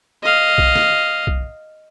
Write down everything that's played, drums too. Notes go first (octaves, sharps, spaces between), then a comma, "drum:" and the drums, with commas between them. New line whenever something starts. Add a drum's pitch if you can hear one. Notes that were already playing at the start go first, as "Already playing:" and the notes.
D#5 F5
drum: kick B1
drum: snare
drum: kick B1